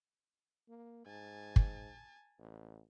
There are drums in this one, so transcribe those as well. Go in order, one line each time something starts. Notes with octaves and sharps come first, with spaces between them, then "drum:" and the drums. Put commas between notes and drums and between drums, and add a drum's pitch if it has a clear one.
A#3
G#2 G#5 A5
drum: kick
A1